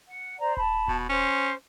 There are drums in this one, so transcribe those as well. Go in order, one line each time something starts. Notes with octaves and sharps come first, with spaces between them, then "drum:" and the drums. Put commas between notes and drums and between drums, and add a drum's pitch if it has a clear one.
F#5
C5 D5 A#5
A5 B5, drum: kick D#1
B2, drum: kick D#1
C#4 C5